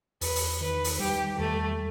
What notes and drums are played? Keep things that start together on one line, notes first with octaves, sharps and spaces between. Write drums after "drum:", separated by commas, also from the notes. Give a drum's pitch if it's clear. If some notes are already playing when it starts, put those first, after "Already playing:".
E2 B4, drum: open hi-hat
drum: open hi-hat
D#3 B4
drum: open hi-hat
G3 G4
E2 A3